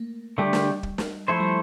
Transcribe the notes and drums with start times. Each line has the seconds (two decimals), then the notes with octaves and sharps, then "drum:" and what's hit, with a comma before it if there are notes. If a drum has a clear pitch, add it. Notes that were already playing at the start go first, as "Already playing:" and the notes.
Already playing: A3 A#3
0.38 D3 G3 A3 D4 G4
0.53 drum: snare
0.83 drum: kick
0.98 drum: snare
1.28 F3 A3 E4 A4 C5
1.40 G3